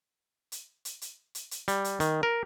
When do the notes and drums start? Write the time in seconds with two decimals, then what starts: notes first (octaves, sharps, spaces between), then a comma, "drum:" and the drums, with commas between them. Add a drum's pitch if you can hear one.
0.52 drum: hi-hat
0.85 drum: hi-hat
1.02 drum: hi-hat
1.35 drum: hi-hat
1.51 drum: hi-hat
1.68 G3, drum: hi-hat
1.84 drum: hi-hat
2.00 D#3, drum: hi-hat
2.23 A#4